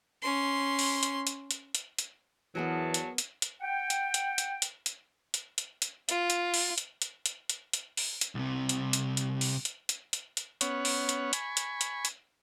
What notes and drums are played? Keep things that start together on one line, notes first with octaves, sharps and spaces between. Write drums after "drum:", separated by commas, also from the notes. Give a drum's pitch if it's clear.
C#4 C6
drum: open hi-hat
drum: hi-hat
drum: hi-hat
drum: hi-hat
drum: hi-hat
drum: hi-hat
E2 E3 F#3 B3 G#4 A#4 A5
drum: hi-hat
drum: hi-hat
drum: hi-hat
F#5 G5
drum: hi-hat
drum: hi-hat
drum: hi-hat
drum: hi-hat
drum: hi-hat
drum: hi-hat
drum: hi-hat
drum: hi-hat
F4, drum: hi-hat
drum: hi-hat
drum: open hi-hat
drum: hi-hat
drum: hi-hat
drum: hi-hat
drum: hi-hat
drum: hi-hat
drum: open hi-hat
drum: hi-hat
C2 C3
drum: hi-hat
drum: hi-hat
drum: hi-hat
drum: open hi-hat
drum: hi-hat
drum: hi-hat
drum: hi-hat
drum: hi-hat
B3 C#4 C#5 F#5, drum: hi-hat
drum: open hi-hat
drum: hi-hat
G#5 B5 C#6, drum: hi-hat
drum: hi-hat
drum: hi-hat
drum: hi-hat